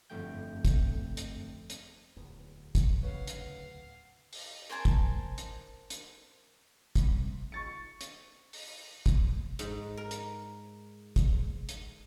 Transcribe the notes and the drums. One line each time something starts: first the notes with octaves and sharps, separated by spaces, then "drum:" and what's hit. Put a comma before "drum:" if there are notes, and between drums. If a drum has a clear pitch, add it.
G1 F2 D3 A3 G5 G6
drum: kick, hi-hat
drum: hi-hat
drum: hi-hat
D1 E2 B3
drum: kick, hi-hat
C#3 B4 F5 F#5
drum: hi-hat
drum: open hi-hat
A#4 C5 G#5 A5
drum: kick, hi-hat
drum: hi-hat
drum: hi-hat
C2, drum: kick, hi-hat
C#6 A6 C#7
drum: hi-hat
drum: open hi-hat
drum: kick, hi-hat
G#2, drum: hi-hat
A#4
drum: hi-hat
drum: kick, hi-hat
drum: hi-hat